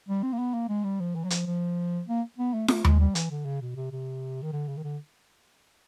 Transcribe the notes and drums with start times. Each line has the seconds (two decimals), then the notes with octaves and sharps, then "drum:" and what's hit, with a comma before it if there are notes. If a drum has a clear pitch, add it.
0.09 G3
0.23 C4
0.33 A#3
0.39 B3
0.54 A#3
0.69 G#3
0.84 G3
1.00 F3
1.15 E3
1.25 F#3
1.30 F3, drum: hi-hat
1.46 F3
2.08 A#3
2.38 B3
2.54 A3
2.68 A3, drum: snare F4
2.84 G#3, drum: tom D#2
3.00 G3
3.15 E3, drum: hi-hat
3.31 D3
3.46 C#3
3.61 B2
3.76 C3
3.92 C3
4.43 D#3
4.53 D3
4.69 C#3
4.77 D#3
4.84 D3